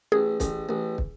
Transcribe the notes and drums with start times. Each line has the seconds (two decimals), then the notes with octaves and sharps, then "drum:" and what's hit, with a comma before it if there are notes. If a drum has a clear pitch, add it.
0.12 A1 G#4
0.40 A1, drum: kick, hi-hat
0.69 A1
0.98 drum: kick